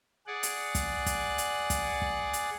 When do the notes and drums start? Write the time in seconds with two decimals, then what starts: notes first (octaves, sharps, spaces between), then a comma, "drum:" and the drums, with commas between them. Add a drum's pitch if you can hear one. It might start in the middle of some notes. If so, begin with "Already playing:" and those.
0.27 G#4 D5 F#5
0.43 drum: hi-hat
0.75 drum: kick, hi-hat
1.06 drum: kick, hi-hat
1.38 drum: hi-hat
1.70 drum: kick, hi-hat
2.02 drum: kick
2.33 drum: hi-hat